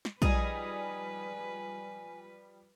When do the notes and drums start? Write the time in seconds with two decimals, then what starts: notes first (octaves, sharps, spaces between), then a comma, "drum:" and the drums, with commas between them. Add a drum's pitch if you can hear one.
0.05 drum: snare
0.22 F3 G3 D#4 G#4 B4 G#5, drum: kick